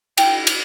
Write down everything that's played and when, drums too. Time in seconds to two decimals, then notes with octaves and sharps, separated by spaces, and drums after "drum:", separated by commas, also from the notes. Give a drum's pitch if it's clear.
0.18 G5, drum: cymbal
0.47 drum: cymbal